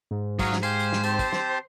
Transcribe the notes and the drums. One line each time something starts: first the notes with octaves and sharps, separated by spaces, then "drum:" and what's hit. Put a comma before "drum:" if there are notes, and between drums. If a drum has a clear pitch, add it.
G#2
F#3 F5 C#6 D#6, drum: kick, tambourine
drum: snare
G4 C5 F5 G#5, drum: tambourine
drum: tambourine
drum: snare
C4 G4 A5, drum: tambourine
drum: kick, tambourine
drum: snare